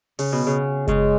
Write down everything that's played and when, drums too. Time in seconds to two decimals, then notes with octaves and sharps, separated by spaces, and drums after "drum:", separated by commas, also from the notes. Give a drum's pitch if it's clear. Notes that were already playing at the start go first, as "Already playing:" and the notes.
0.19 C#3, drum: open hi-hat
0.32 B2
0.47 C#3
0.88 C#3 G#3, drum: kick F#1, hi-hat